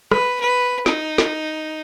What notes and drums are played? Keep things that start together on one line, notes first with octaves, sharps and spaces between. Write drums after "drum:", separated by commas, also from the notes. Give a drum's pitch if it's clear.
B4, drum: rim click
B4
D#4, drum: snare
drum: snare